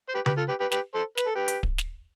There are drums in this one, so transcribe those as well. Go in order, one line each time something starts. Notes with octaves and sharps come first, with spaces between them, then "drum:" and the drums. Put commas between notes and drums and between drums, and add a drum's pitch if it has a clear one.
C5
G4 B4
G4 B4, drum: tom C#3
F4 A4
G4 B4
G4 B4
G4 B4, drum: snare
A4 C5
B4, drum: snare
A4
G4 B4
drum: hi-hat
drum: kick D1
drum: snare